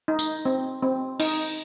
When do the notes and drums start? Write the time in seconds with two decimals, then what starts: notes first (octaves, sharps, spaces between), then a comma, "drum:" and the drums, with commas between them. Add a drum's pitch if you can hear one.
0.08 D#4
0.19 drum: tambourine
0.45 C4
0.82 C4
1.20 D#4, drum: cymbal